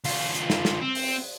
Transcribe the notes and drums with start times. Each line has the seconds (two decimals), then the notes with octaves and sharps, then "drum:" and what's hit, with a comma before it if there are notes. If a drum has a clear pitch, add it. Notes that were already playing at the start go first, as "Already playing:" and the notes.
0.04 D2 F4, drum: open hi-hat
0.35 drum: hi-hat
0.50 drum: snare
0.65 drum: snare
0.81 C4
0.95 drum: open hi-hat